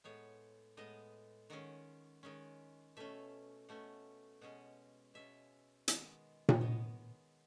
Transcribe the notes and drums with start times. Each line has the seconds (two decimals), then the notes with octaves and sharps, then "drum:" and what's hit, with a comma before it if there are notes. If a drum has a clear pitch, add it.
0.04 A2 G#3 B3 C#5
0.77 A2 G#3 B3 D#5
1.50 D#3 G#3 C#4 F#5
2.23 D#3 G#3 C#4
2.97 B2 A3 C#4 E5
3.69 B2 A3 C#4 F#5
4.41 B2 G#3 C#4 F#5
5.14 B2 G#3 C#4 E5
5.88 D#3 G#3 B3, drum: hi-hat
6.49 C#5, drum: tom A#2
6.61 D#3 G#3 B3 D#5